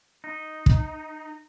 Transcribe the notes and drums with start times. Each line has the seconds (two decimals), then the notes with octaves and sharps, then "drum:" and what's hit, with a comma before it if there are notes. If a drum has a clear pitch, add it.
0.24 D#4
0.66 drum: kick